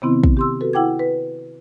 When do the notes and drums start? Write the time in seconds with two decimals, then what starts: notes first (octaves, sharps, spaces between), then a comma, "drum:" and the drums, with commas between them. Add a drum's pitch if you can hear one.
0.02 C3 D#3 B3 C4 E4
0.24 drum: kick
0.37 G4 C6 E6
0.61 F#4 A4 B4
0.73 E4 F#5 G5 D6 G#6
0.99 B4